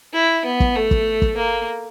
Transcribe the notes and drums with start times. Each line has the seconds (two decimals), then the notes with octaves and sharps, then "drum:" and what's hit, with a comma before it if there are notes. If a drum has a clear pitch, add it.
0.14 E4
0.45 B3
0.60 drum: kick
0.76 A3
0.91 drum: kick
1.22 drum: kick
1.37 A#3